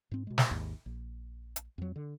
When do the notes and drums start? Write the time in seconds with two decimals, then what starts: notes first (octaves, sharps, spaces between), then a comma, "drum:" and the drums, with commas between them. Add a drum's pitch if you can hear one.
0.11 G#2 C4
0.27 B2 G#3
0.38 drum: snare
0.51 G#1 D#2 G#2
0.86 A#1
1.56 drum: hi-hat
1.78 F2 F#3
1.96 D3